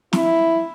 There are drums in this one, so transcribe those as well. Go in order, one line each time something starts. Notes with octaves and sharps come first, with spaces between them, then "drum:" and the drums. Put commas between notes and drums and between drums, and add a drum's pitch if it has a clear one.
E4, drum: snare